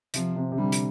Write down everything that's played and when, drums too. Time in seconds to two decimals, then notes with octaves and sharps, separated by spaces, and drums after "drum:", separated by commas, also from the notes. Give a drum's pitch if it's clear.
0.14 C3 F3, drum: hi-hat
0.36 C3
0.52 C3
0.57 D3 G3
0.72 drum: hi-hat